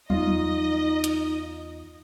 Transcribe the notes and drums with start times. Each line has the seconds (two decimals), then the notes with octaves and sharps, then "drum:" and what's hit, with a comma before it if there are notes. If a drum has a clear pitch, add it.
0.10 E2 D#4 F4 D#5 F5, drum: tom F#3
1.04 drum: hi-hat